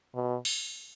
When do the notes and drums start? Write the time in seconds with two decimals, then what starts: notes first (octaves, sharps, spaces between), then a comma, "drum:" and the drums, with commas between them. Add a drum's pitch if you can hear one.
0.15 B2
0.45 drum: cymbal